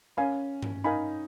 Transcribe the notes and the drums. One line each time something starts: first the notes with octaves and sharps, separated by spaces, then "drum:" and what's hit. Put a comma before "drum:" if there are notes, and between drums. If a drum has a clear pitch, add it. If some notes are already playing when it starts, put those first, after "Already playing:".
C#4 A#4 F5 G#5 B5
drum: tom G2
D#4 A#4 F5 G#5 B5